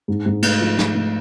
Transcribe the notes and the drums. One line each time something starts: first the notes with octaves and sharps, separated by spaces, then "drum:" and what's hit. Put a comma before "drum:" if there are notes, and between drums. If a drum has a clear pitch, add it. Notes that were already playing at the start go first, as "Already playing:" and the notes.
G#2
G#2
A3, drum: cymbal
F3
F3, drum: snare
A3